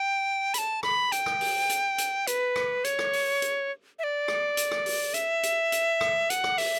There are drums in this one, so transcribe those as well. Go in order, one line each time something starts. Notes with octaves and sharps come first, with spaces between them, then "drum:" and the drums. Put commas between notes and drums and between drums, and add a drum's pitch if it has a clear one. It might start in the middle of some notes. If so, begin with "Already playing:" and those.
Already playing: G5
B5, drum: hi-hat
A5
B5, drum: rim click
G5, drum: hi-hat
drum: rim click
drum: open hi-hat
drum: hi-hat
drum: hi-hat
B4, drum: hi-hat
drum: rim click
C#5, drum: hi-hat
drum: rim click
drum: open hi-hat
drum: hi-hat
E5
D5
drum: rim click
drum: hi-hat
drum: rim click
drum: open hi-hat
E5, drum: hi-hat
drum: hi-hat
drum: hi-hat
drum: rim click
F#5, drum: hi-hat
drum: rim click
E5, drum: open hi-hat